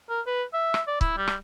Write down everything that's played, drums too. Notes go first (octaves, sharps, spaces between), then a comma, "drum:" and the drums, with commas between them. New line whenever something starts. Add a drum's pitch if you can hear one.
A#4
B4
E5
drum: rim click
D5
E4, drum: kick C#1
G3
drum: rim click